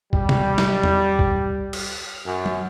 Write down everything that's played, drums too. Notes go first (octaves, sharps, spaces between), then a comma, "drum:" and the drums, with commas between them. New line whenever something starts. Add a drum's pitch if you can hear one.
G3, drum: kick
drum: tom C3
drum: snare
drum: tom E2
drum: kick
drum: cymbal
F#2
drum: tom F#3